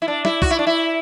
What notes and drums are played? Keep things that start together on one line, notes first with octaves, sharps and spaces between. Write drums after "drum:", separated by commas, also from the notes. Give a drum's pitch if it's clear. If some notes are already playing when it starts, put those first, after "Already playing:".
E4
D4
E4, drum: snare
F#4, drum: kick
E4
D4
E4